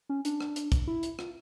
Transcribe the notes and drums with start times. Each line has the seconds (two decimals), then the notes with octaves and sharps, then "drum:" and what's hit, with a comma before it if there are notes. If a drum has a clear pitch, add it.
0.09 C#4
0.25 D4, drum: hi-hat
0.40 drum: rim click
0.56 drum: hi-hat
0.72 drum: kick, hi-hat
0.87 E4
1.03 drum: hi-hat
1.19 F4, drum: rim click